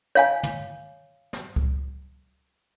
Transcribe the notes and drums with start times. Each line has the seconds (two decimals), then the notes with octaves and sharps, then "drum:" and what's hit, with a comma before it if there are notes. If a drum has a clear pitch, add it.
0.15 C#5 F5 G#5
0.43 drum: tom
1.33 drum: snare
1.56 drum: kick C#2